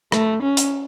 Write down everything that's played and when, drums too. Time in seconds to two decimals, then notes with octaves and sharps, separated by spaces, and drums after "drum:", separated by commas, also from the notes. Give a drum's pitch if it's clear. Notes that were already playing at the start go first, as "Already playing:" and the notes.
0.12 A3, drum: rim click
0.42 C#4
0.57 drum: hi-hat